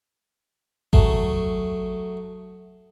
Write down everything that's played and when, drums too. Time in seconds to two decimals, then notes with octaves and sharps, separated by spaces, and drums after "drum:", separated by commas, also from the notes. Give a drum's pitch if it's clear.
0.93 F#3 A3 G#4, drum: kick G#1